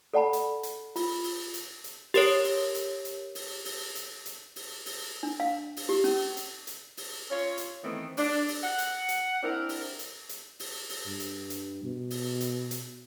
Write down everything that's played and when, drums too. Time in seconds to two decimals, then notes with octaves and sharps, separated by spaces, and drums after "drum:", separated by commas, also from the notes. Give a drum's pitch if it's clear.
0.14 A4 D5 F#5 A5 B5
0.33 drum: hi-hat
0.63 drum: hi-hat
0.96 F4, drum: open hi-hat
1.24 drum: open hi-hat
1.54 drum: hi-hat
1.84 drum: hi-hat
2.14 G4 A#4 C#5, drum: open hi-hat
2.44 drum: open hi-hat
2.75 drum: hi-hat
3.05 drum: hi-hat
3.35 drum: open hi-hat
3.65 drum: open hi-hat
3.95 drum: hi-hat
4.26 drum: hi-hat
4.56 drum: open hi-hat
4.86 drum: open hi-hat
5.23 D4
5.40 F5
5.76 drum: open hi-hat
5.89 G4
6.04 C#4, drum: open hi-hat
6.37 drum: hi-hat
6.67 drum: hi-hat
6.97 drum: open hi-hat
7.31 C#4 F4 C#5
7.58 drum: hi-hat
7.83 D#3 E3 A3 B3 C4
8.17 D4, drum: open hi-hat
8.48 drum: open hi-hat
8.62 F#5
8.78 drum: hi-hat
9.09 drum: hi-hat
9.43 C4 D4 E4 A#4
9.69 drum: open hi-hat
9.99 drum: hi-hat
10.29 drum: hi-hat
10.59 drum: open hi-hat
10.90 drum: open hi-hat
11.07 G2
11.20 drum: hi-hat
11.50 drum: hi-hat
11.84 B2
12.10 drum: open hi-hat
12.41 drum: hi-hat
12.71 drum: hi-hat